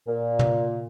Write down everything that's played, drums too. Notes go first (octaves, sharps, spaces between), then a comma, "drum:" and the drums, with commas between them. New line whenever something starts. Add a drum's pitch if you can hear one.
A#2
drum: tom